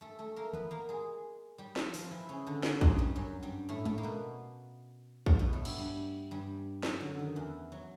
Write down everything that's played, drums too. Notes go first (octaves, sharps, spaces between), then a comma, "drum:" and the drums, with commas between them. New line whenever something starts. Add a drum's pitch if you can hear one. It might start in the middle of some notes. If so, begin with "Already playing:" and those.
A3 A4
A3 A4
A#3 A#4
B3 B4, drum: tom D#3
A#3 A#4
G#3 G#4
G3 G4
F3 F4, drum: snare
F3 F4, drum: open hi-hat
E3 E4
C#3 C#4
D3 D4
C#3 C#4, drum: snare
G#2 G#3, drum: kick
G2 G3
F#2 F#3
G2 G3
A2 A3
A2 A3, drum: tom G#3
A#3
B2 B3
C3 C4, drum: kick
B2 B3
A2 A3
G2 G3, drum: cymbal
G2 G3
G2 G3
F#2 F#3, drum: snare
D3
D#3
E2 E3
F#3